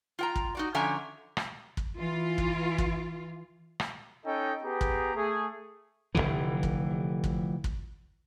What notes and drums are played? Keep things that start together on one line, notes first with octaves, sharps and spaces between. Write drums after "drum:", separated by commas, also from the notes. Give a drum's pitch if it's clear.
F4 G5 A#5
drum: kick
D#4 F#4 D5
D3 F3 C#4 E5 G#5 A#5
drum: rim click
drum: kick
E3 F4
drum: kick
drum: kick
drum: rim click
C#4 D#4 A4 D#5 G5
B3 G4 G#4 A#5
drum: kick
A3 G#4
F1 D#2 D3 E3
drum: kick
drum: kick
drum: kick